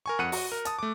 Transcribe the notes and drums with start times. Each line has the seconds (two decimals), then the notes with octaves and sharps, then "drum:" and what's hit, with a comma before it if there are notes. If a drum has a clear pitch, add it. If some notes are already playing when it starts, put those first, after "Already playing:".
0.06 A#4 G#5 C#6
0.19 F2 F#5 F#6 C#7 D#7
0.32 F#4, drum: open hi-hat
0.52 A#4
0.65 A5 D#6, drum: hi-hat
0.79 A3 D6